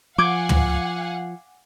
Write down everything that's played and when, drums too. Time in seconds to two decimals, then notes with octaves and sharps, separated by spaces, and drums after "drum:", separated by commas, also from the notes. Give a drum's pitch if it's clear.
0.18 F3 F5 F#5 G#5 D6 G#6
0.49 drum: tom